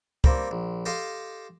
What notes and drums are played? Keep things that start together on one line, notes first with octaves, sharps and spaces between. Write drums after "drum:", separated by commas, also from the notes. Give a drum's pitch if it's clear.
G3 A#3 C4, drum: kick
A#1
G4 A4 D#5 F5 C6